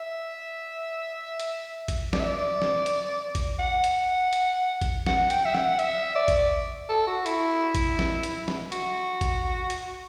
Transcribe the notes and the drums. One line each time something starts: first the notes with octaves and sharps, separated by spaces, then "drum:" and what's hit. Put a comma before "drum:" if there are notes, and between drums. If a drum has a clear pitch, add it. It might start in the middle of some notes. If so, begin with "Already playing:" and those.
Already playing: E5
drum: hi-hat
drum: kick A1, hi-hat
D5, drum: snare
E5
D5
drum: snare
drum: hi-hat
drum: kick A1, hi-hat
F#5
drum: hi-hat
drum: hi-hat
drum: kick A1, hi-hat
F#5, drum: snare
G5, drum: hi-hat
E5
F#5, drum: snare
E5, drum: hi-hat
D5
drum: kick A1, hi-hat
A4
F#4
E4, drum: hi-hat
drum: kick A1, hi-hat
drum: snare
drum: hi-hat
drum: snare
F#4, drum: hi-hat
drum: kick A1, hi-hat
drum: hi-hat